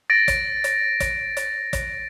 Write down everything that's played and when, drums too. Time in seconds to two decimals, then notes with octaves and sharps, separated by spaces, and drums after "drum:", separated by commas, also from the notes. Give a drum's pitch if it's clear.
0.10 A6 A#6 D7
0.28 drum: kick, hi-hat
0.64 drum: hi-hat
1.00 drum: kick, hi-hat
1.37 drum: hi-hat
1.73 drum: kick, hi-hat